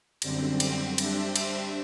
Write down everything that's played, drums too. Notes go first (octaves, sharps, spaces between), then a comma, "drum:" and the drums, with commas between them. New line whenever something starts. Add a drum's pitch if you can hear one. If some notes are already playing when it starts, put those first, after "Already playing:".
F#2 D3 G3 C4, drum: cymbal
drum: cymbal
G3 D4 G4 C5 E5, drum: cymbal
drum: cymbal